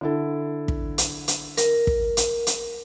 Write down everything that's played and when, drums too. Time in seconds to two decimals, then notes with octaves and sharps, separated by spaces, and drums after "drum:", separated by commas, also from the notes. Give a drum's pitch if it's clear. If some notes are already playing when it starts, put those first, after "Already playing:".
0.01 D3 E4 A4
0.68 drum: kick
0.98 drum: hi-hat
1.28 drum: hi-hat
1.57 A#4, drum: hi-hat
1.87 drum: kick
2.17 drum: hi-hat
2.47 drum: hi-hat